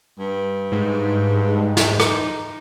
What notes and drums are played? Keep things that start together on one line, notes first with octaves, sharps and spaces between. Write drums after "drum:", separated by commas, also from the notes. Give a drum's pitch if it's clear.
G2
G#2
drum: snare
D#4, drum: rim click